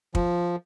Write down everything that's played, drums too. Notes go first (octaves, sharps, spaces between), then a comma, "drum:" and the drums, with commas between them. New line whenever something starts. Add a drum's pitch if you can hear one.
F3, drum: kick